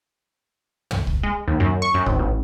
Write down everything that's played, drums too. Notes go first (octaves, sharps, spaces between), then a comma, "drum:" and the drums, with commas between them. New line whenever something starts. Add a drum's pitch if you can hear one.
drum: tom
drum: kick C2
G#3
D#2
F#2
C#6
F#2
G#1, drum: kick C2
A1